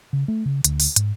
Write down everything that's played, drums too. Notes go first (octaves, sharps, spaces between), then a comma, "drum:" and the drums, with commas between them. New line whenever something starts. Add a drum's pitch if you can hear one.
C#3
A3
C#3
D2, drum: hi-hat
drum: open hi-hat
G#2, drum: hi-hat